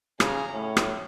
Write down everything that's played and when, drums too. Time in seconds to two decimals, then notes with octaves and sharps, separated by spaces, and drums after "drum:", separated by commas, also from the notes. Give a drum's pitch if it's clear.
0.20 C#3 G#5 A#5, drum: rim click
0.51 A2 C#4
0.77 drum: rim click